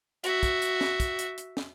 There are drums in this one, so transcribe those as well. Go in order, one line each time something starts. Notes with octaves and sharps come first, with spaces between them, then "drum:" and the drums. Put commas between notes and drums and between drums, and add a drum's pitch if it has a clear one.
F#4 E5, drum: hi-hat
drum: kick, hi-hat
drum: hi-hat
drum: snare
drum: kick, hi-hat
drum: hi-hat
drum: hi-hat
drum: snare